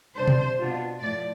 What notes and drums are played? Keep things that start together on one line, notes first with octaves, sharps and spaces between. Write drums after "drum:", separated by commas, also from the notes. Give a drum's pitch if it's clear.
C3 G3 D4 C5
drum: tom B2
B2 B3 D4 F4
A2 F3 D5